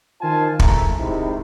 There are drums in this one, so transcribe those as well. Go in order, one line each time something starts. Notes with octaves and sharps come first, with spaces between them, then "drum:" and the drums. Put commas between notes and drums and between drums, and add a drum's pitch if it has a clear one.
D#3 F4 C5 F5 G#5 A5
A1 G#2 A3 E5 A#5, drum: kick
G#2 C3 D#3 D#4 E4